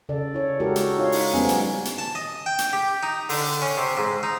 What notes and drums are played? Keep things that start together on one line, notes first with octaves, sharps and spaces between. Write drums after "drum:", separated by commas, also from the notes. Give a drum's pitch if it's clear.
C#3 A4 D5
E4 C#5
G#3 E4 F#4 G4 A4 A#4
drum: hi-hat
D#4 F4 C#5 F5
drum: open hi-hat
F3 G3 A3 B3 C#4
drum: hi-hat
drum: hi-hat
A5
D#5
G5
drum: hi-hat
G4
D#4
D3, drum: open hi-hat
C#4
C3
G#2
D#4